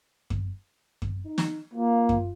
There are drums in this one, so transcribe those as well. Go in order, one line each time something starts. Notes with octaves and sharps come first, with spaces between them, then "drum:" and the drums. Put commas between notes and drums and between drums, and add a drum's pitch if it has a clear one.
drum: kick F#2
drum: kick F#2
D#4
drum: snare
A#3 F4
drum: kick F#2